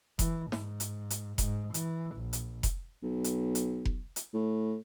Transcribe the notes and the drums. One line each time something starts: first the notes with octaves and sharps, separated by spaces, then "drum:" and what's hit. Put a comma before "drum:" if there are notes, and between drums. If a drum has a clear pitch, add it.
E3, drum: kick F1, hi-hat
G#2, drum: snare
drum: hi-hat
drum: hi-hat
G#2, drum: kick F1, hi-hat
E3, drum: hi-hat
A#1
drum: hi-hat
drum: kick F1, hi-hat
B1
drum: hi-hat
drum: hi-hat
drum: kick F1
drum: hi-hat
A2